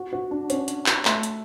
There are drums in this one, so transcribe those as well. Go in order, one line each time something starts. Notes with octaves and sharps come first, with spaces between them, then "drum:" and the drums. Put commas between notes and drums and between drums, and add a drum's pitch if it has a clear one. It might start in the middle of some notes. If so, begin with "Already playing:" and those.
Already playing: F#4
F#4
D4
C#4, drum: hi-hat
drum: hi-hat
drum: clap
A3, drum: clap
drum: hi-hat